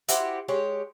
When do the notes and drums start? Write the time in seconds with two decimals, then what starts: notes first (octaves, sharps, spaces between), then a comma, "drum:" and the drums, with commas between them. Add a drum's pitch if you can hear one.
0.08 E4 F#4 G4 C5, drum: hi-hat
0.48 G#3 G4 C#5